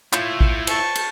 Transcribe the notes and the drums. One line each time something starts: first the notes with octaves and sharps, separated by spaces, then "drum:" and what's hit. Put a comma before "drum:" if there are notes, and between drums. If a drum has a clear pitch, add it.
E4 F4 C#5 G6, drum: clap
drum: kick A1
A5 C#6, drum: cymbal
drum: cymbal